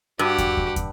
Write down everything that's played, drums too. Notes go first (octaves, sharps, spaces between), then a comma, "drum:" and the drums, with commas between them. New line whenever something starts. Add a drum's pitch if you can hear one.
G2 F#4 G4 F#5
drum: kick, hi-hat
drum: kick
drum: kick, hi-hat